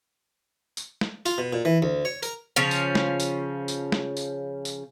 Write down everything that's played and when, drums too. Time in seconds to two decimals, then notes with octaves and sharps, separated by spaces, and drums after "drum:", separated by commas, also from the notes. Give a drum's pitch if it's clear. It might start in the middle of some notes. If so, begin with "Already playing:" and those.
0.77 drum: tambourine
1.01 drum: snare
1.26 F4, drum: tambourine
1.38 B2
1.53 A#2
1.65 E3
1.82 D2
2.05 C#5
2.23 A#4, drum: tambourine
2.56 C#3 F3 C#4
2.71 drum: tambourine
2.95 drum: snare
3.20 drum: tambourine
3.68 drum: tambourine
3.92 drum: snare
4.17 drum: tambourine
4.65 drum: tambourine